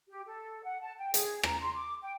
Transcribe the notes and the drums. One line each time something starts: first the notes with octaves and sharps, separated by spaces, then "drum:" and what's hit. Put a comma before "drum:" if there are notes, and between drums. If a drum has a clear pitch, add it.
G4
A4
F#5
A5
G5
G#4, drum: hi-hat
A#5, drum: rim click
C6
D6
G5